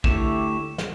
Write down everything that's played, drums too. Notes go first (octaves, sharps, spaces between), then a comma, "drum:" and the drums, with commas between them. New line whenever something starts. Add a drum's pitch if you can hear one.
D3 A3 E4 G4 C#5 E7, drum: kick
drum: snare